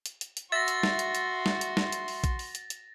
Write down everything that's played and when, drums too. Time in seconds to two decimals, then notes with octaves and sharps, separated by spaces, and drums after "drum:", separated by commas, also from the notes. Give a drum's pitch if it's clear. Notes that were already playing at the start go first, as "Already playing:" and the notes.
0.06 drum: hi-hat
0.21 drum: hi-hat
0.37 drum: hi-hat
0.52 F#4 E5 C6 A6 A#6
0.68 drum: hi-hat
0.83 drum: snare
0.99 drum: hi-hat
1.15 drum: hi-hat
1.46 drum: snare
1.61 drum: hi-hat
1.77 drum: snare
1.92 drum: hi-hat
2.08 drum: open hi-hat
2.24 drum: kick A#1, hi-hat
2.39 drum: open hi-hat
2.55 drum: hi-hat
2.70 drum: hi-hat